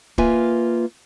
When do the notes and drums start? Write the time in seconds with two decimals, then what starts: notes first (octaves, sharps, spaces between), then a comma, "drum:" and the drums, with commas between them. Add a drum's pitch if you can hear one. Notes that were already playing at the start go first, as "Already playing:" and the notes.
0.18 A#3 F4 B4 E5 G#5, drum: kick D1